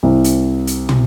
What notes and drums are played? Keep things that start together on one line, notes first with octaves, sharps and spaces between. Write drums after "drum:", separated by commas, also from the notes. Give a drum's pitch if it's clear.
C2
drum: hi-hat
drum: hi-hat
drum: tom